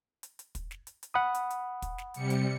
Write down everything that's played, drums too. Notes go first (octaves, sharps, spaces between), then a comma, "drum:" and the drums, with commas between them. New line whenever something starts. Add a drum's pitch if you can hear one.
drum: hi-hat
drum: hi-hat
drum: kick, hi-hat
drum: snare
drum: hi-hat
drum: hi-hat
F#5 B5 D#6
drum: hi-hat
drum: hi-hat
drum: kick, hi-hat
drum: snare
C3 G3 C#7, drum: hi-hat
drum: hi-hat